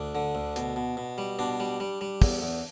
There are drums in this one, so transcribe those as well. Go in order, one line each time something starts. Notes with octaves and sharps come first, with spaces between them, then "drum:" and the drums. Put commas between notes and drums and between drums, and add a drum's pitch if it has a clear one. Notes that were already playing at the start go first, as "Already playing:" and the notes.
Already playing: D2 D4
D3
D2
B2, drum: hi-hat
B2
B2
G3
B2 D4
G3
G3
G3
E2, drum: kick, open hi-hat
E2